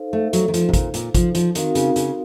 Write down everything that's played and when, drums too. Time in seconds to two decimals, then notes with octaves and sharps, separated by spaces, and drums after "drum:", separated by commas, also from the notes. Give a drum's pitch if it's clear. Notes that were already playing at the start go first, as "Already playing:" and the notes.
Already playing: D#4 A4 C5 F5
0.13 A3
0.33 F#3, drum: hi-hat
0.48 D#3
0.54 F3, drum: hi-hat
0.69 C3
0.73 A#2, drum: kick G#1, hi-hat
0.94 A#2, drum: hi-hat
1.15 F3, drum: kick G#1, hi-hat
1.35 F3, drum: hi-hat
1.55 D#3 C4 D#4 F#4 A#4 F5, drum: hi-hat
1.75 C#3, drum: hi-hat
1.96 C#3, drum: hi-hat